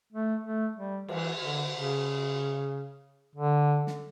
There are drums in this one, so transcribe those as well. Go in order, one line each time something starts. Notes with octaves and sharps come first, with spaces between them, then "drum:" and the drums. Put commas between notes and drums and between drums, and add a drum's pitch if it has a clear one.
A3
A3
G3
E3, drum: cymbal
D3
C#3
D3
drum: snare